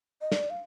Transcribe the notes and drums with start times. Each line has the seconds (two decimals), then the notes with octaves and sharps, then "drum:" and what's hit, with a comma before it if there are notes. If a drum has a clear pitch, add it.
0.21 D#5
0.32 D5, drum: snare
0.50 F5